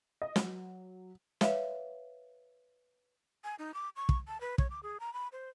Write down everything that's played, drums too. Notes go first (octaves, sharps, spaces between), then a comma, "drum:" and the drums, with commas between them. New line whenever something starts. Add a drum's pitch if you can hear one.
D#5
F#3, drum: snare
B4 C#5 E5 F5, drum: snare
G#5
D#4
D6
C#6
drum: kick
A5
B4
C#5, drum: kick
D6
G#4
A#5
B5
C5